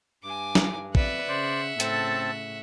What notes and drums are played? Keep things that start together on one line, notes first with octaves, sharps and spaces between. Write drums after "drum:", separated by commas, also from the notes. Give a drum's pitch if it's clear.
G2 G#5 D6
drum: snare
F2 B4 D5 E5 F#5, drum: kick
C#3 C5 D5
A2 C#3 C4 A4 A5, drum: hi-hat